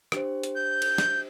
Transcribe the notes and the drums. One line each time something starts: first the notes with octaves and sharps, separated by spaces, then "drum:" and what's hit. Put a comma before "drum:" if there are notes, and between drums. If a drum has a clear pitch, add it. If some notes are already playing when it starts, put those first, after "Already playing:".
D4 G4 C5, drum: rim click
drum: hi-hat
G6
drum: cymbal
D4 G4 C5, drum: snare